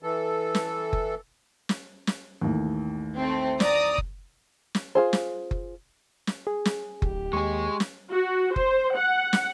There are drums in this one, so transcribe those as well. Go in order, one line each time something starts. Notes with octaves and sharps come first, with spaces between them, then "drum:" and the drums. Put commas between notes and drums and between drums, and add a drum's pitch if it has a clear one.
E3 A4
drum: snare
drum: kick F#1
drum: snare
drum: snare
A1 D#2
A3 C4
D5 A#5 D#6, drum: snare
drum: kick F#1
drum: snare
F4 G#4 C5
drum: snare
drum: kick F#1
drum: snare
G#4
drum: snare
D1 G4, drum: kick F#1
D#2 G#3 G#4 C#6
drum: snare
F#4
C5, drum: kick F#1
F#5
drum: snare